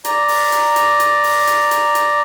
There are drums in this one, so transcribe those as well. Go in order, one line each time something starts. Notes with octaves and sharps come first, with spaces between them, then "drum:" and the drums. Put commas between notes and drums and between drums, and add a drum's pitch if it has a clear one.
D5 A#5, drum: hi-hat
drum: open hi-hat
drum: hi-hat
drum: hi-hat
drum: hi-hat
drum: open hi-hat
drum: hi-hat
drum: hi-hat
drum: hi-hat